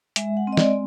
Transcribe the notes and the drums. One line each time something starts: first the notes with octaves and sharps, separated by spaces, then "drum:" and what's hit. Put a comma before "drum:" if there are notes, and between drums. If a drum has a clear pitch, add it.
G#3 E5, drum: hi-hat
F#5
C4
D#5
D5, drum: snare